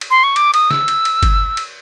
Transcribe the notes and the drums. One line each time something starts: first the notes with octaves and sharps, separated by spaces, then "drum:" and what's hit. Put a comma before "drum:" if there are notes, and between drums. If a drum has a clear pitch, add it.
drum: cymbal
C6
C#6
D6, drum: cymbal
D#6, drum: cymbal
E6, drum: snare
drum: cymbal
drum: cymbal
drum: kick G1, cymbal
drum: cymbal